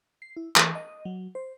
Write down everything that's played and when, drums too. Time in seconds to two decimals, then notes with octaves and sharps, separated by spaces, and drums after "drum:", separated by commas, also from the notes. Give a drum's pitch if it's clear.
0.22 C7
0.37 E4
0.56 E3, drum: clap
0.75 D#5
1.05 F#3
1.35 C5